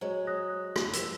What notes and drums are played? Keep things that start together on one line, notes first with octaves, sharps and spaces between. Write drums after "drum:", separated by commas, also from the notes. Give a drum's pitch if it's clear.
F#3 G#3 C5 C#5
D#6 F#6 A#6
drum: rim click
G2 F3 E6 B6, drum: hi-hat